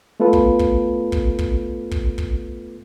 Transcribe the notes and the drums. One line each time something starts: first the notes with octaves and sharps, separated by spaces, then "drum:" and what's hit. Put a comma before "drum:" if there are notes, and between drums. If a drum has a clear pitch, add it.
A3 B3 F4 A4 B4
drum: kick
drum: kick
drum: kick
drum: kick
drum: kick
drum: kick